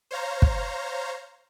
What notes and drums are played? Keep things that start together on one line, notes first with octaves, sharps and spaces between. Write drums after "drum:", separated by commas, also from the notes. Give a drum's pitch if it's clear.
C5 C#5 F5 A#5
drum: kick